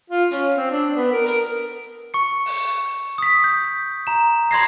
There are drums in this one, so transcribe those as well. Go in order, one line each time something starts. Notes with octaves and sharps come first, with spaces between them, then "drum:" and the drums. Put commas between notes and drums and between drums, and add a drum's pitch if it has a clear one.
F4
C#4, drum: hi-hat
C4
D4
B3
A#4
A#4, drum: hi-hat
C#6 C#7
drum: open hi-hat
D#6 B6
G6
A#5 E7
B5 C6 G#6 A#6 C7, drum: open hi-hat